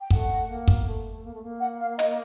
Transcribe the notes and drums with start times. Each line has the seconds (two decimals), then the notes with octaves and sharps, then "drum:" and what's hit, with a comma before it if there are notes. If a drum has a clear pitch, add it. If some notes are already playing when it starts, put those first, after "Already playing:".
0.01 G5
0.10 A3 F#5, drum: kick
0.48 A#3
0.68 drum: kick
0.86 A3
1.24 A#3
1.33 A3
1.42 A#3
1.61 F#5
1.80 F5
1.99 D#5, drum: hi-hat